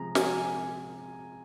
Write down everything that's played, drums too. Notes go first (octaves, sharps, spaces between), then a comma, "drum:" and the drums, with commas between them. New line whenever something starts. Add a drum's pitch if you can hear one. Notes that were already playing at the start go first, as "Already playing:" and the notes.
Already playing: C3 F3 G#3 A#5
G#5, drum: snare